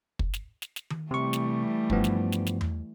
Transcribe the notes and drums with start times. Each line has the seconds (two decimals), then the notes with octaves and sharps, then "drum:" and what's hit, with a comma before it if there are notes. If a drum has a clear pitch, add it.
0.19 drum: kick
0.34 drum: snare
0.62 drum: snare
0.76 drum: snare
0.90 drum: tom D#3
1.11 C3 E3 G3 A3 C#6
1.33 drum: snare
1.90 G2 F3 B3, drum: kick
2.04 drum: snare
2.32 drum: snare
2.47 drum: snare
2.61 drum: tom E2